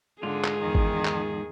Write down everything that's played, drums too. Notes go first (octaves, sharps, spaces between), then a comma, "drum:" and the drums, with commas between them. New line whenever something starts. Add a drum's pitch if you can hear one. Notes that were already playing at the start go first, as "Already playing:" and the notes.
G#2 D3 F4 G#4
drum: clap
E2 D#3
drum: kick G#1
drum: clap